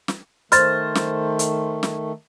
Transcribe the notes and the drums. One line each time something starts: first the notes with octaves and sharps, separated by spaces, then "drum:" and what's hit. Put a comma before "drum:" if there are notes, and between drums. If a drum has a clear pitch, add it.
drum: snare
D#3 A3 C5 F6 A6, drum: hi-hat
drum: snare
drum: hi-hat
drum: snare